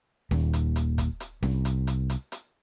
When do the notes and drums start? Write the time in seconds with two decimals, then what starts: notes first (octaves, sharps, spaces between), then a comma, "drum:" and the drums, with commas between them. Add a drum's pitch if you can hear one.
0.31 D#1 D#2, drum: snare C#4
0.53 drum: hi-hat
0.76 drum: hi-hat
0.98 drum: kick, hi-hat
1.20 drum: hi-hat
1.43 C2, drum: snare C#4
1.65 drum: hi-hat
1.87 drum: hi-hat
2.10 drum: hi-hat
2.32 drum: hi-hat